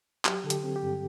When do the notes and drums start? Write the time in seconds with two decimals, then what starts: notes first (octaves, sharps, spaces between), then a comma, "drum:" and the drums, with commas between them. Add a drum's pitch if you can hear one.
0.25 F#3 G4, drum: clap
0.44 D3 A4
0.50 G4, drum: hi-hat
0.64 C4
0.76 G4
0.83 G2